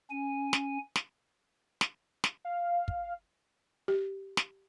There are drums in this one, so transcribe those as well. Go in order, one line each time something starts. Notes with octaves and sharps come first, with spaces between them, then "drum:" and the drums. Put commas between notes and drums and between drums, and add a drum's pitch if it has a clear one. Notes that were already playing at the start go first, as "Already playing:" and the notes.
C#4 G#5
drum: snare
drum: snare
drum: snare
drum: snare
F5
drum: kick
G4
drum: snare